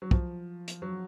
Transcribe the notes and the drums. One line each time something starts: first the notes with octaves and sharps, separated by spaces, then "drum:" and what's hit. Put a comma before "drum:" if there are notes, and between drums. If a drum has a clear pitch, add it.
F#3
F3, drum: kick
drum: hi-hat
F#3